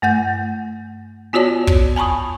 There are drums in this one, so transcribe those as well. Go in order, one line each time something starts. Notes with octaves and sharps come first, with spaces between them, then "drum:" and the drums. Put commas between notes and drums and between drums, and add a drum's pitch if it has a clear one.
G2 A3 F#5 G6
B3 F4 F#4 C#5 D5 A5
drum: kick
G#5 A5 B5 C#6 D#6